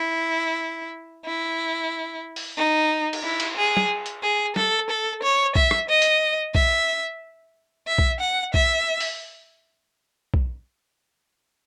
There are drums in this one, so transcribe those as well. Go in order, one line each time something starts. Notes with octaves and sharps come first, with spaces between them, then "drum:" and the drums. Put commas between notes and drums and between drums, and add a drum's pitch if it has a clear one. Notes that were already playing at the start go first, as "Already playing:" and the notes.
Already playing: E4
E4
drum: open hi-hat
D#4
drum: cymbal
E4
drum: cymbal
G#4
drum: tom
drum: hi-hat
G#4
A4, drum: snare
A4
C#5
E5, drum: kick
drum: rim click
D#5
drum: hi-hat
E5, drum: kick
E5
drum: kick
F#5
E5, drum: kick
drum: open hi-hat
drum: kick